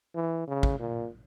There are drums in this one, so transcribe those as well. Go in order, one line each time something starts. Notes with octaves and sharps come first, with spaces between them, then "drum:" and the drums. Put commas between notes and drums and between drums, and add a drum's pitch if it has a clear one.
E3
C#3
drum: kick
A#2